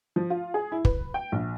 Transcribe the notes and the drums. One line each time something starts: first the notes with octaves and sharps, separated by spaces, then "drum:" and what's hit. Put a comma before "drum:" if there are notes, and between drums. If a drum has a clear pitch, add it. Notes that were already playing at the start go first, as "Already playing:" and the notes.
F3
F4
G#4
E4
B4, drum: kick
G5
A#1